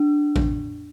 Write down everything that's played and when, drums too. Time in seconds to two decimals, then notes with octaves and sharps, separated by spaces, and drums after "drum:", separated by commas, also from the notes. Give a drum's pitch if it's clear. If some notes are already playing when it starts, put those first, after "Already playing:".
Already playing: D4
0.36 drum: kick A1